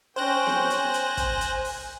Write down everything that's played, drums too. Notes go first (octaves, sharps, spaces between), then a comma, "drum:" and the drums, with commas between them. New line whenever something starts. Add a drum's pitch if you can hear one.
C#4 C5 G5 F#6 A#6
drum: snare B3
G#5, drum: hi-hat
drum: hi-hat
drum: kick, hi-hat
drum: hi-hat
drum: open hi-hat